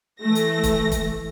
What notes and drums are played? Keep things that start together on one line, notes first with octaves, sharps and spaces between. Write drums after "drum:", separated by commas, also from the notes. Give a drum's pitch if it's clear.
E3 A3 A#6
drum: hi-hat
drum: kick, hi-hat
drum: kick, hi-hat